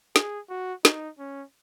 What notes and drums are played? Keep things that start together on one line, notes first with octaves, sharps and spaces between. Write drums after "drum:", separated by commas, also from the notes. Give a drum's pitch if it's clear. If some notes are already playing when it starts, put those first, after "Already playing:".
G#4, drum: snare
F#4
D#4, drum: snare
C#4